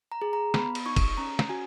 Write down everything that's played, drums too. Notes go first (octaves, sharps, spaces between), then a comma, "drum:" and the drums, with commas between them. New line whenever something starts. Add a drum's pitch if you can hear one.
A#5
G#4
A#5
B3 B5, drum: snare
drum: cymbal
D#4 C#6
drum: kick, cymbal
C#4 A#5
drum: snare
F#4 G#5